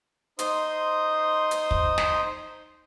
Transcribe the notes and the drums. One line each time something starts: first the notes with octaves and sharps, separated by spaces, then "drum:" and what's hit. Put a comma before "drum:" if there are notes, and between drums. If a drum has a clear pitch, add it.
D#4 C5 C6 D#6, drum: hi-hat
drum: hi-hat
drum: kick
drum: snare